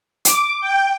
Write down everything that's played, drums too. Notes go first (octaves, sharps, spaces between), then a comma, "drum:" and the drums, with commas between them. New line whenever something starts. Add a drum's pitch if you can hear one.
D6, drum: hi-hat
G5